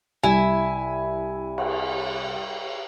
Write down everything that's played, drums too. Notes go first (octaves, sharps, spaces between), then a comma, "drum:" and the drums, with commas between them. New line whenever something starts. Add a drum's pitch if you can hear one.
C2 E4 G#5
drum: cymbal